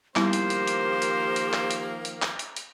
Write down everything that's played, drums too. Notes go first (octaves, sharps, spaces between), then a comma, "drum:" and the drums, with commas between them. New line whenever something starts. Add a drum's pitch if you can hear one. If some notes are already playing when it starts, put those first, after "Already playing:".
D#3 F3 G3 A#3 B3 E4 G4 C5, drum: clap
drum: hi-hat
drum: hi-hat
drum: hi-hat
drum: hi-hat
drum: hi-hat
drum: clap
drum: hi-hat
drum: hi-hat
drum: clap
drum: hi-hat
drum: hi-hat